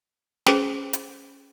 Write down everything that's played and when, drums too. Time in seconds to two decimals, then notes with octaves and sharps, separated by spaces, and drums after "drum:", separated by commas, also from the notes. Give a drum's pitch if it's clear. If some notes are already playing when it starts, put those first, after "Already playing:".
0.46 C#4 G#4 C5, drum: snare
0.93 drum: hi-hat